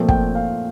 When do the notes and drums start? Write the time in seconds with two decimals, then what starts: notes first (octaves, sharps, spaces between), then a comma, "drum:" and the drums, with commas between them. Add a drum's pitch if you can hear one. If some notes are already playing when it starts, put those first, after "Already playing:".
Already playing: A#2 F3 A3 C4
0.09 G5, drum: kick
0.35 F5